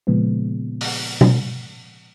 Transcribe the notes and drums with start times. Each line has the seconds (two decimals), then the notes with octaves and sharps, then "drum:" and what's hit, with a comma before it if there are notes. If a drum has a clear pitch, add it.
0.07 A#2 C#3 F3 G#3 B3
0.81 drum: open hi-hat
1.21 drum: tom B2